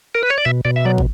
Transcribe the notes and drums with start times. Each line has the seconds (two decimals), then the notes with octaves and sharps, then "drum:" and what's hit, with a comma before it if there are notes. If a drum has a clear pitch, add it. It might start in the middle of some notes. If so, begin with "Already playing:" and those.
0.15 A#4
0.23 B4
0.30 C#5
0.38 D5
0.45 B2 E5
0.65 B2 D5
0.76 E5
0.85 F#3 D5
0.98 drum: kick